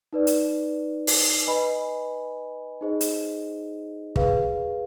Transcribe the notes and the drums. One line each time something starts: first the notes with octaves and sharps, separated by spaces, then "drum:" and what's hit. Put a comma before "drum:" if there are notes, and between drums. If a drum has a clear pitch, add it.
D#4 B4 D5
drum: hi-hat
drum: open hi-hat
B4 D#5 G#5 B5
D#4 G#4 C5 D#5
drum: hi-hat
G#4 B4 F5, drum: kick